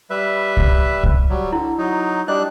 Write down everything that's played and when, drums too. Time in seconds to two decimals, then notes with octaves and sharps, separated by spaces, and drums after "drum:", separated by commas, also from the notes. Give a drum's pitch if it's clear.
0.10 G3 B4 E5
0.57 drum: kick C2
1.03 drum: kick C2
1.30 F#3 G3
1.52 D3 E4
1.78 F#3 D#4
2.28 G3 D4 D#5 F#6